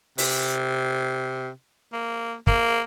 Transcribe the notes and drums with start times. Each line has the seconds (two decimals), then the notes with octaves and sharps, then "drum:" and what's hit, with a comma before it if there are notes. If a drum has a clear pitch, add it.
0.18 C3, drum: open hi-hat
1.93 A#3
2.47 A#3, drum: kick